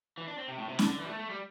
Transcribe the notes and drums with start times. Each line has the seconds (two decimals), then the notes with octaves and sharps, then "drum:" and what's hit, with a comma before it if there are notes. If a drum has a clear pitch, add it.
0.18 E3
0.28 D4
0.38 C4
0.48 C3
0.58 A2
0.69 C3
0.79 D3, drum: snare
0.89 D3
0.99 E3
1.05 G3
1.09 A3
1.20 A3
1.30 G3